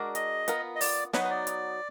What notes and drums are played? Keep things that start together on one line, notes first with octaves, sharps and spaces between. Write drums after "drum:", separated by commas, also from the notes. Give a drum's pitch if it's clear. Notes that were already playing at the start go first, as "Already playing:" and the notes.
Already playing: G#3 D4 F#4 A#4 D5
D#5, drum: hi-hat
B3 F4 A#4, drum: hi-hat
D#5
D5, drum: open hi-hat
F#3 B3 D#4 B4, drum: snare
B4
D5
drum: hi-hat